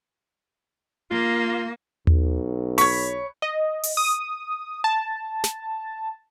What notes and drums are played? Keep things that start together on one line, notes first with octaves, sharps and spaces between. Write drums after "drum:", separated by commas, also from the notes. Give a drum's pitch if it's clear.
A#3 F4
B1, drum: tom D#2
C#5 B5 C#6, drum: open hi-hat
D#5
drum: open hi-hat
D#6
A5
drum: snare